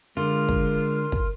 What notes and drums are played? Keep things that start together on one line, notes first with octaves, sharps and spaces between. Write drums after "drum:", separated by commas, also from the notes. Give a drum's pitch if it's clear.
D3 G#3 F4 A#4
drum: kick
drum: kick